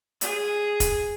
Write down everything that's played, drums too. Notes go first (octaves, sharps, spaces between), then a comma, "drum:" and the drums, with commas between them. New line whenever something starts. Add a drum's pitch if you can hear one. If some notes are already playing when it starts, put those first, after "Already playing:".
G#4, drum: hi-hat
drum: kick F1, hi-hat